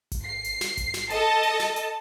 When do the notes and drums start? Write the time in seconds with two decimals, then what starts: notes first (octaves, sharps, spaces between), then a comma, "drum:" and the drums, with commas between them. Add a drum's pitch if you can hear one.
0.12 drum: kick G#1, hi-hat
0.24 C7
0.44 drum: hi-hat
0.61 drum: snare
0.77 drum: kick G#1, hi-hat
0.94 drum: snare
1.10 A4 D#5 A5, drum: open hi-hat
1.43 drum: open hi-hat
1.60 drum: snare
1.76 drum: hi-hat